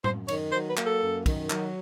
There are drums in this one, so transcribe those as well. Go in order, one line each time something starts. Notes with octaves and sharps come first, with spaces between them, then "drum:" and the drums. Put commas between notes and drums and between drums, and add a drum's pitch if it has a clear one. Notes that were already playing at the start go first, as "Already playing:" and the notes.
F#2 C5, drum: tom A2
D#3 C#5, drum: cymbal
F#3 C5
B4
A#3, drum: clap
A4
F#2
D#3, drum: kick, cymbal
F#3, drum: clap